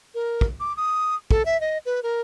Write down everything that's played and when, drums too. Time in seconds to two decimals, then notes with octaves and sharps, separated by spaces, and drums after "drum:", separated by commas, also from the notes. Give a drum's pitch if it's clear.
0.15 A#4
0.41 drum: kick
0.60 D6
0.77 D#6
1.31 A4, drum: kick
1.45 E5
1.61 D#5
1.86 B4
2.03 A#4